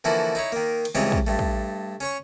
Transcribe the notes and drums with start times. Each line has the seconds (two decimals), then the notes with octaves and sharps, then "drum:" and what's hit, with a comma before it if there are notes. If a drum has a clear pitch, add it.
0.04 D3 E3 F3 A#3 E4 F#4
0.35 D#4 E4 C#5
0.52 D#3 A#3
0.85 drum: cymbal
0.95 C#2 E3 G3 C4 C#5 D#5
1.12 drum: kick
1.27 G2 A3
1.39 drum: kick
2.00 C#4 C#5 C#6